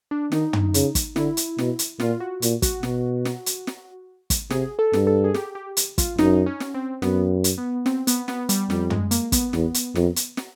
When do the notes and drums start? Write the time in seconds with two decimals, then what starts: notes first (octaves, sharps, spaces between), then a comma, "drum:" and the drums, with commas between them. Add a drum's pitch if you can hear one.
0.11 D4
0.32 D#3 D#4, drum: snare
0.53 drum: tom
0.74 C#3, drum: hi-hat
0.95 drum: kick, hi-hat
1.16 D3 E4, drum: snare
1.37 drum: hi-hat
1.58 B2, drum: snare
1.79 drum: hi-hat
2.00 A#2 F4, drum: snare
2.20 F#4
2.42 A#2, drum: hi-hat
2.62 F#4, drum: kick, hi-hat
2.83 B2, drum: snare
3.25 drum: snare
3.46 drum: hi-hat
3.67 drum: snare
4.30 drum: kick, hi-hat
4.50 C3 G#4, drum: snare
4.79 A4
4.93 G2, drum: snare
5.07 A4
5.24 G#4
5.34 G4, drum: snare
5.55 G4
5.77 drum: hi-hat
5.98 F4, drum: kick, hi-hat
6.18 F#2 D#4, drum: snare
6.46 C#4
6.60 drum: snare
6.74 C4
7.02 F#2 B3, drum: snare
7.44 drum: hi-hat
7.58 B3
7.86 C4, drum: snare
8.07 B3, drum: hi-hat
8.28 B3, drum: snare
8.49 G3, drum: hi-hat
8.70 F2 G3, drum: snare
8.90 G#3, drum: tom
9.11 A#3, drum: hi-hat
9.32 B3, drum: kick, hi-hat
9.53 E2, drum: snare
9.74 drum: hi-hat
9.95 F2, drum: snare
10.16 drum: hi-hat
10.37 drum: snare